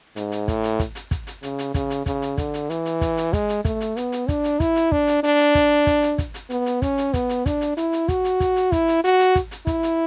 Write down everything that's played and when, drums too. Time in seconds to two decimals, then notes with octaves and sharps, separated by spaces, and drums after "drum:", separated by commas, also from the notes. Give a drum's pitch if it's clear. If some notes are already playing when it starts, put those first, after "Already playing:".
0.16 G#2, drum: hi-hat
0.32 drum: hi-hat
0.48 A2, drum: kick, hi-hat
0.64 drum: hi-hat
0.79 drum: kick, hi-hat
0.95 drum: hi-hat
1.11 drum: kick, hi-hat
1.27 drum: hi-hat
1.43 C#3, drum: hi-hat
1.59 drum: hi-hat
1.74 C#3, drum: kick, hi-hat
1.90 drum: hi-hat
2.06 C#3, drum: kick, hi-hat
2.22 drum: hi-hat
2.38 D3, drum: kick, hi-hat
2.54 drum: hi-hat
2.70 E3, drum: hi-hat
2.85 drum: hi-hat
3.01 drum: kick, hi-hat
3.17 drum: hi-hat
3.33 G#3, drum: kick, hi-hat
3.49 drum: hi-hat
3.65 A3, drum: kick, hi-hat
3.81 drum: hi-hat
3.97 B3, drum: hi-hat
4.12 drum: hi-hat
4.28 D4, drum: kick, hi-hat
4.44 drum: hi-hat
4.60 E4, drum: kick, hi-hat
4.76 drum: hi-hat
4.92 D4, drum: kick
5.07 drum: hi-hat
5.23 D4, drum: hi-hat
5.39 drum: hi-hat
5.55 drum: kick, hi-hat
5.87 drum: kick, hi-hat
6.03 drum: hi-hat
6.18 drum: kick, hi-hat
6.34 drum: hi-hat
6.50 B3, drum: hi-hat
6.66 drum: hi-hat
6.82 C#4, drum: kick, hi-hat
6.98 drum: hi-hat
7.14 B3, drum: kick, hi-hat
7.29 drum: hi-hat
7.46 D4, drum: kick, hi-hat
7.61 drum: hi-hat
7.77 E4, drum: hi-hat
7.93 drum: hi-hat
8.08 F#4, drum: kick, hi-hat
8.24 drum: hi-hat
8.40 drum: kick, hi-hat
8.56 drum: hi-hat
8.72 E4, drum: kick, hi-hat
8.88 drum: hi-hat
9.04 F#4, drum: hi-hat
9.20 drum: hi-hat
9.35 drum: kick, hi-hat
9.51 drum: hi-hat
9.67 E4, drum: kick, hi-hat
9.83 drum: hi-hat